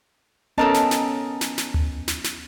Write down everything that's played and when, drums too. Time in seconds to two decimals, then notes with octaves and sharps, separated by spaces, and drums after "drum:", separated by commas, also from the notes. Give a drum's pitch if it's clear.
0.58 B3 C#4 A4 A#4 D#5 A5
0.74 drum: snare
0.91 drum: snare
1.41 drum: snare
1.58 drum: snare
1.74 drum: tom D2
2.08 drum: snare
2.24 drum: snare